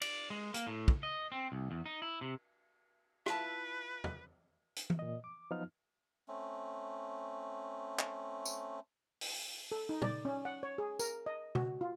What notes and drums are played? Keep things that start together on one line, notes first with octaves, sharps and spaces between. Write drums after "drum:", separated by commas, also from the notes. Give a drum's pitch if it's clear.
D5, drum: cymbal
G#3
A#3, drum: hi-hat
A2
drum: kick
D#5
C4
C2
E2
D#4
E4
C3
E4 F4 B4 A5, drum: rim click
drum: tom E2
drum: hi-hat
drum: tom
A#2 D#5
D6
F3 F#3 B3 D#4 F4 F6
A3 C4 C#4
drum: clap
drum: tambourine
drum: open hi-hat
A4
D#4
D5, drum: tom
C#4
F#5
C#5
G#4
A#4, drum: tambourine
D#5
F#4, drum: tom B2
F4